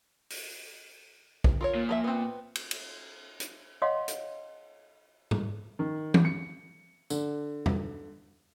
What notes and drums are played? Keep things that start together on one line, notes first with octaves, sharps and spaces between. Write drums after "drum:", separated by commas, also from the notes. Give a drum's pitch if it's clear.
drum: open hi-hat
drum: kick
F4 A#4 C#5
A#2
F3 A4 E5
B3 C4
drum: cymbal
drum: cymbal
drum: hi-hat
C#5 D#5 F5 F#5 C6
drum: hi-hat
drum: tom G#2
D#3
drum: tom
C#7
D3, drum: tambourine
drum: tom E2